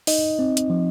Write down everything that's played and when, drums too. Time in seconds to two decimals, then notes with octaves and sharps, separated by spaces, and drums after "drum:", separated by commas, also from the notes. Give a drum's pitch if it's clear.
0.07 D#4 D#5, drum: open hi-hat
0.39 C4
0.57 drum: hi-hat
0.70 F3